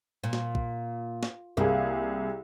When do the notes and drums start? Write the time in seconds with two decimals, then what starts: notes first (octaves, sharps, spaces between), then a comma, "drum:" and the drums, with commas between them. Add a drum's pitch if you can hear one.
0.24 A#2
0.33 drum: snare
0.55 drum: kick
1.23 drum: snare
1.57 C2 A#3 G#4